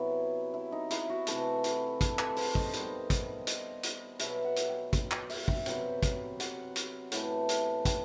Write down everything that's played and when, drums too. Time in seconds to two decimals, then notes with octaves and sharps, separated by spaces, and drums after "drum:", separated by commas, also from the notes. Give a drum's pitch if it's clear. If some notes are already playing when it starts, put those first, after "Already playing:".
Already playing: C3 F#3 B3 E4
0.54 E4
0.72 D#4
0.91 E4, drum: hi-hat
1.10 F#4
1.27 C3 E3 A3 A4, drum: hi-hat
1.64 drum: hi-hat
2.01 A4, drum: kick, hi-hat
2.19 B4, drum: clap
2.36 C5, drum: open hi-hat
2.55 D#5, drum: kick
2.73 D#3 G3 B3 C5, drum: hi-hat
3.10 drum: kick, hi-hat
3.47 D#5, drum: hi-hat
3.83 drum: hi-hat
4.19 B2 F#3 B3 E5, drum: hi-hat
4.44 F#5
4.56 drum: hi-hat
4.69 G5
4.93 drum: kick, hi-hat
5.11 G5, drum: clap
5.30 E5, drum: open hi-hat
5.48 G5, drum: kick
5.66 C3 F#3 B3 G5, drum: hi-hat
6.03 drum: kick, hi-hat
6.40 F#5, drum: hi-hat
6.76 drum: hi-hat
7.12 A2 E3 A3 F#5, drum: hi-hat
7.49 drum: hi-hat
7.85 G5, drum: kick, hi-hat